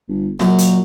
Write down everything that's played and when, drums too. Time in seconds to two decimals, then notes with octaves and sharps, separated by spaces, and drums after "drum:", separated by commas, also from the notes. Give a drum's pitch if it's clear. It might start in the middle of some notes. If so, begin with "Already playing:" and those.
0.08 G1
0.40 F#2 A#2, drum: snare
0.58 drum: hi-hat